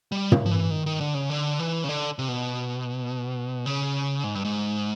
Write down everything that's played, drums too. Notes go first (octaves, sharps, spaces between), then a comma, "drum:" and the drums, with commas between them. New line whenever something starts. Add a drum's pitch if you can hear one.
G3
drum: tom
F3
E3
D#3
D#3
D3
C#3
D3
E3
C#3
D3
C3
B2
C#3
G#2
G2
G#2